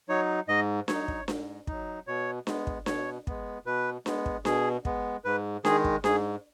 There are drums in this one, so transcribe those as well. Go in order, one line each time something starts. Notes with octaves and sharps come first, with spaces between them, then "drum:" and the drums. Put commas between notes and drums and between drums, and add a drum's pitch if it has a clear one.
F#3 D#4 C#5
G#2 D#5
F#3 D#4 C#5, drum: snare D4
drum: kick
G#2, drum: snare D4
F#3 D#4, drum: kick
B2 C#5
G#3 B3, drum: snare D4
drum: kick
B2 C#5, drum: snare D4
G#3 B3, drum: kick
B2 B4
G#3 B3, drum: snare D4
drum: kick
B2 G#4, drum: snare D4
G#3 B3, drum: kick
G#2 B4
D#3 G#3 G#4, drum: snare D4
drum: kick
G#2 G#4, drum: snare D4